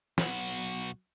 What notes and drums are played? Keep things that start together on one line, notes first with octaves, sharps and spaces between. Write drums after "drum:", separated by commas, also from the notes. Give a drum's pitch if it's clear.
B1 F#4, drum: snare